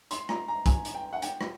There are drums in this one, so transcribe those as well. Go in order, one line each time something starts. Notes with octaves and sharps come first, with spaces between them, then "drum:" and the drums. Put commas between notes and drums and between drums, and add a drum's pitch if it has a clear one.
C6, drum: hi-hat
A#5, drum: rim click
A#5
G#5, drum: kick B1, hi-hat
drum: hi-hat
G5
F#5
G5, drum: hi-hat
drum: rim click